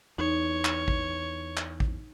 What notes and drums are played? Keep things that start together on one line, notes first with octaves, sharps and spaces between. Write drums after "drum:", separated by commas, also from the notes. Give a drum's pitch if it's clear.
E2 D#4 C#5
drum: clap
drum: kick A1
drum: clap
drum: kick A1